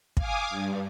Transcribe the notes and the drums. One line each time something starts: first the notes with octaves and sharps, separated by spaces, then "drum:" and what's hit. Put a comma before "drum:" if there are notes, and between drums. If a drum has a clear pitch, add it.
F5 G#5 D6 D#6, drum: kick
G2